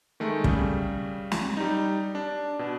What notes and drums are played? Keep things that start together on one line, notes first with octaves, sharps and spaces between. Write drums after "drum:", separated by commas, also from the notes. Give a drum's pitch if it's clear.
D#3 G#3 A3
C#3 G3, drum: kick
drum: snare
G3 D#4
D4
B2